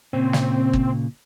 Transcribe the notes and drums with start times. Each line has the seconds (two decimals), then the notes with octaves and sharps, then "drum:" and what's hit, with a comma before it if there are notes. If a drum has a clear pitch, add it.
0.13 A#2 C#3 C4
0.33 drum: snare
0.73 drum: kick